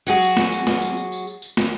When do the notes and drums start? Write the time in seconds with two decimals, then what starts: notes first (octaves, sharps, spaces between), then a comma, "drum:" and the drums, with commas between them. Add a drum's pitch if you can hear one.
0.07 F#3 F#4 G#4, drum: tambourine
0.22 drum: tambourine
0.37 drum: snare
0.52 drum: tambourine
0.67 drum: snare
0.82 drum: tambourine
0.97 drum: tambourine
1.12 drum: tambourine
1.27 drum: tambourine
1.42 drum: tambourine
1.57 drum: snare